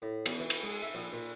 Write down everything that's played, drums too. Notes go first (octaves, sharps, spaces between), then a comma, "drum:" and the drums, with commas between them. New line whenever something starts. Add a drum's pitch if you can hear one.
A2
E2, drum: cymbal
E3
drum: cymbal
G#3
E5
A#1
A#2